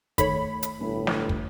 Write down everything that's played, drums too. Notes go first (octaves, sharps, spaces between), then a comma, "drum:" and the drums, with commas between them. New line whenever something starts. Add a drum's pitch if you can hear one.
D#3 A3 C#5 B5, drum: kick, hi-hat
drum: hi-hat
G1 A2
drum: snare
drum: kick